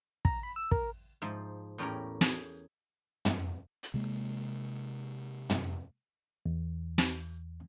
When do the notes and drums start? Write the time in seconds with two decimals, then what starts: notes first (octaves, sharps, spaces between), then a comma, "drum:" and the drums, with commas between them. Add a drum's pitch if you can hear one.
0.25 A#5, drum: kick
0.43 B5
0.56 E6
0.71 A#4, drum: kick
1.22 G#2 F3
1.78 E2 A2 C#4 G4 A#4 A#5
2.21 G#4, drum: snare
3.25 drum: tom
3.83 drum: hi-hat
3.94 C3 G#3 A#3
5.50 drum: tom
6.46 E2
6.98 drum: snare